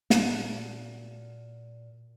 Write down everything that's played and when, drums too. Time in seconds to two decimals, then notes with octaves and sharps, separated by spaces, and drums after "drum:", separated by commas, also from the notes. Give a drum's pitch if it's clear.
0.10 A#2 F#4 A5, drum: snare